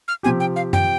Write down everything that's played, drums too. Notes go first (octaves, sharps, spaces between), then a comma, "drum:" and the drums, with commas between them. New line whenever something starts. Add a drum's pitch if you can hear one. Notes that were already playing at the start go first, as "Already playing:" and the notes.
F6
C3 F3 C4 G4 G#5
G5
F5
G5, drum: tom F#2